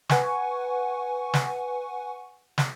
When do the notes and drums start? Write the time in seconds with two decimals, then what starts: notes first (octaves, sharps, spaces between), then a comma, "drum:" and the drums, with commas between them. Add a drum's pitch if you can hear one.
0.09 B4 F#5 G#5 C#6, drum: snare
1.34 drum: snare
2.58 drum: snare